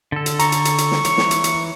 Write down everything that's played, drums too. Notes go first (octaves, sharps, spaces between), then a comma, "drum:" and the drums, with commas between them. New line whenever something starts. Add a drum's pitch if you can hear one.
D3 A4
drum: hi-hat
A#5 C#6, drum: hi-hat
drum: hi-hat
drum: hi-hat
drum: hi-hat
drum: snare
E3 C#5, drum: hi-hat
drum: snare
drum: hi-hat
drum: hi-hat